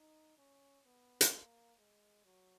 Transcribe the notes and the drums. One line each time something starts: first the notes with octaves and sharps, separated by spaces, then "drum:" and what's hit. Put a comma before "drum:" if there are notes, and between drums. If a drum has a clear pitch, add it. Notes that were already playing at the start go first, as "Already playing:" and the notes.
Already playing: D#4
C#4
B3
drum: hi-hat
A#3
G#3
F#3